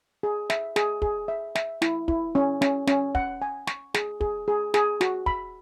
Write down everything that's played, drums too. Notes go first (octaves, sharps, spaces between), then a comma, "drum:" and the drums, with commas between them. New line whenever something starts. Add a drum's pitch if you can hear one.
G#4
E5, drum: snare
G#4, drum: snare
G#4, drum: kick
E5
E5, drum: snare
E4, drum: snare
E4, drum: kick
C#4
C#4, drum: snare
C#4, drum: snare
F#5, drum: kick
G#5
C#6, drum: snare
G#4, drum: snare
G#4, drum: kick
G#4
G#4, drum: snare
F#4, drum: snare
B5, drum: kick